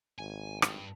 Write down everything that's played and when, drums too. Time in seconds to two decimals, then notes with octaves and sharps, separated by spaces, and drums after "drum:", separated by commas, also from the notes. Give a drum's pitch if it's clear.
0.19 G#1 G#5
0.62 G2, drum: rim click